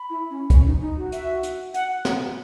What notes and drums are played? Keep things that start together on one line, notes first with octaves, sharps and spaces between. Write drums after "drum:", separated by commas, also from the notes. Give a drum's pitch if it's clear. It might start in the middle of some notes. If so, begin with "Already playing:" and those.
Already playing: B5
E4
C#4
C#4, drum: kick, hi-hat
D#4
D#4
F#4
E5, drum: hi-hat
drum: hi-hat
F#5, drum: hi-hat
drum: snare